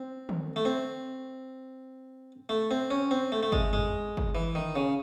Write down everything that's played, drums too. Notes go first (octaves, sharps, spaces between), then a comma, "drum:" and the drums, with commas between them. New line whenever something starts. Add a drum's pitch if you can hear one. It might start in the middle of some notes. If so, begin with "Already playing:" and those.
Already playing: C4
drum: tom
A3
C4
A3
C4
C#4
C4
A3
A3
G#3, drum: kick G1
G#3, drum: tom
drum: kick G1
E3
D#3
C#3